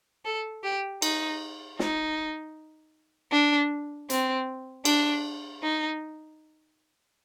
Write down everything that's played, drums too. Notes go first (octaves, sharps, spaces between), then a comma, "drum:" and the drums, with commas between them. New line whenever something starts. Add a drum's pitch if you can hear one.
A4
G4
D#4, drum: cymbal
D#4, drum: snare
D4
C4, drum: hi-hat
D4, drum: cymbal
D#4